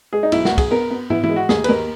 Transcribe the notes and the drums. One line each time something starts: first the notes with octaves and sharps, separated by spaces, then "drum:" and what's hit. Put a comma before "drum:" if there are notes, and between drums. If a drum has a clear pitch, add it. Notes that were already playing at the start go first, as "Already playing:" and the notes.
G#3 G#4
D#4
B1 E4, drum: cymbal
F#4, drum: snare
B1
G#4, drum: kick, cymbal
B3 A#4
B3
B3 E4, drum: tom
E4, drum: tom E3
G#3
F#4
D#2 G#4, drum: snare
B4, drum: cymbal
D#2 A#4